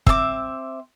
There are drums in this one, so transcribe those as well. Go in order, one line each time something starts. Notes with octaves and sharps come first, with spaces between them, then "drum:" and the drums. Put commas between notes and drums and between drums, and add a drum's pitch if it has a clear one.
C4 E5 A5 D6, drum: kick